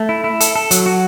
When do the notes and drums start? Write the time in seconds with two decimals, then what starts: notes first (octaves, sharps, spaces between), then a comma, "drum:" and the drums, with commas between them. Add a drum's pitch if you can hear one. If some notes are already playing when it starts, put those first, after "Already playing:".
Already playing: A3
0.09 E4
0.24 E4
0.40 A4, drum: hi-hat
0.55 A4
0.71 F#3, drum: hi-hat
0.86 F#4